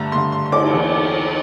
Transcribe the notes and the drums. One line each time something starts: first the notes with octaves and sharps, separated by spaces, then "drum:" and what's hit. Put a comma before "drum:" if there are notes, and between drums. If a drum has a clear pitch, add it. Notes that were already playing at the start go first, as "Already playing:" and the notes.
Already playing: G2 D3 A3 A5 A#5
G2 D3 A3 C6
C6
C6
D6, drum: cymbal
E2 E3 A#3 D4